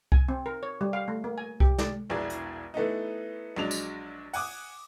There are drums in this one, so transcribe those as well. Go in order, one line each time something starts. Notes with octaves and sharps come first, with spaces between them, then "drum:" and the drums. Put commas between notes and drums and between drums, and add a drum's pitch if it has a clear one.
G#5, drum: kick C2
C4
A#4
C#5
G3
F5
A3
A#3
G#5
G4, drum: kick C2
D5, drum: snare
E1 A#1 E3 G#4 D5
drum: hi-hat
E3 A3 B3 D#4
A#1 F#3 G#3 D4 F7
drum: tambourine
F#5 G#5 D6 D#6, drum: open hi-hat